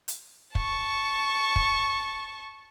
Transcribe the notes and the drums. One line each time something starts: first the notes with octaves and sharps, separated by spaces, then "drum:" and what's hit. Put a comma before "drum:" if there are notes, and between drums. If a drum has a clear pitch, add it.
drum: hi-hat
A5 C#6, drum: kick
drum: kick